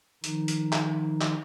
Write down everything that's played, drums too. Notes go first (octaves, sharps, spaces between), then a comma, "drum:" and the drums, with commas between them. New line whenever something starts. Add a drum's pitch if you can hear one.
D#3 F3 D#4, drum: hi-hat
drum: hi-hat
drum: clap
drum: clap